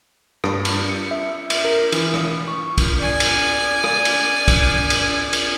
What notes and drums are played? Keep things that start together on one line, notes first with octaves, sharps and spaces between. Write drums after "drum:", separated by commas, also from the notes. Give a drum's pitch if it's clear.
G2, drum: rim click
drum: cymbal
C#7
E5
drum: cymbal
A#4
E3, drum: cymbal
drum: rim click
C#6
drum: kick, cymbal
D5 G#5
drum: cymbal
drum: rim click
drum: cymbal
drum: kick, cymbal
drum: cymbal
drum: cymbal